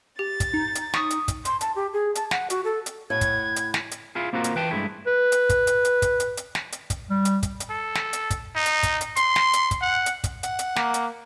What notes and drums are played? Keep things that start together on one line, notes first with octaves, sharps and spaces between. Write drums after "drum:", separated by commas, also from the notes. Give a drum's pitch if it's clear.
G4 A6
drum: kick, hi-hat
D#4
drum: hi-hat
C#6 D#6, drum: snare
drum: hi-hat
drum: kick, hi-hat
C6, drum: hi-hat
A5, drum: hi-hat
G4
G#4
A5, drum: hi-hat
F#5, drum: snare
F#4, drum: hi-hat
A4
drum: hi-hat
A2 F#5 G#6
drum: kick, hi-hat
drum: hi-hat
drum: snare
drum: hi-hat
E4 F4 G#4
A#3 C4 F4 F#4 A#4
drum: hi-hat
E3 B4 G5 A5
G2 G#3 A3 E4
B4
drum: hi-hat
drum: kick, hi-hat
drum: hi-hat
drum: hi-hat
drum: kick, hi-hat
drum: hi-hat
drum: hi-hat
drum: snare
drum: hi-hat
drum: kick, hi-hat
G3
drum: hi-hat
drum: kick, hi-hat
drum: hi-hat
A4
drum: snare
drum: hi-hat
drum: kick, hi-hat
D#4
drum: hi-hat
drum: kick, hi-hat
drum: hi-hat
C6, drum: hi-hat
drum: snare
drum: hi-hat
drum: kick, hi-hat
F#5
drum: hi-hat
drum: kick, hi-hat
F#5, drum: hi-hat
drum: hi-hat
A#3, drum: snare
drum: hi-hat